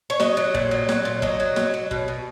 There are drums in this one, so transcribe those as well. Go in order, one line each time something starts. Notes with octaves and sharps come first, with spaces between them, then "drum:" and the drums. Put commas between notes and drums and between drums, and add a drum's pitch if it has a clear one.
C#5
F#3 D#5, drum: snare
F#3
A#2, drum: kick
F#3
F#3, drum: snare
A#2
F#3 D#5, drum: kick
F#3
F#3, drum: snare
F#3
B2, drum: kick
B2